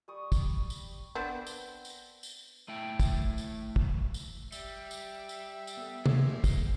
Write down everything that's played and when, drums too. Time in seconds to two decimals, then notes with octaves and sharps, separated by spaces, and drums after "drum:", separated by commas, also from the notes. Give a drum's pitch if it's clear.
0.08 G3 D5 C#6 D#6
0.32 drum: kick, tambourine
0.70 drum: tambourine
1.15 B3 C4 D4
1.47 drum: tambourine
1.85 drum: tambourine
2.23 drum: tambourine
2.68 A3 E4 G5
3.00 drum: kick, tambourine
3.38 drum: tambourine
3.76 drum: kick
4.14 drum: tambourine
4.52 G3 E5, drum: tambourine
4.91 drum: tambourine
5.29 drum: tambourine
5.67 drum: tambourine
5.77 B3 A4
6.06 G#3 A#3 G4 C5 G#5, drum: tom
6.44 drum: kick, tambourine